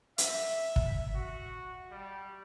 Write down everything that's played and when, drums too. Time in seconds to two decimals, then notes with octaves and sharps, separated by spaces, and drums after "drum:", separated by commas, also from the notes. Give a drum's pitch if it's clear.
0.18 E5, drum: hi-hat
0.76 drum: kick
1.15 F#4
1.91 G3